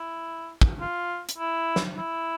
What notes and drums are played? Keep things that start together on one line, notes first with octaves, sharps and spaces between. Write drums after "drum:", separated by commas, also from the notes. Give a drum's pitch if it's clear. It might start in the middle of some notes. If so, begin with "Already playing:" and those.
Already playing: E4
drum: kick
F4
drum: hi-hat
E4
drum: snare
E4